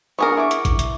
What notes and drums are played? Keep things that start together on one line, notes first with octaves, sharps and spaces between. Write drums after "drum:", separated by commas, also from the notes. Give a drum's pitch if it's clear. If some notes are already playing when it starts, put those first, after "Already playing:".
B3 D4 G#4 A#4 C#6
E4 C#6 D6
drum: hi-hat
drum: kick A1, hi-hat
drum: hi-hat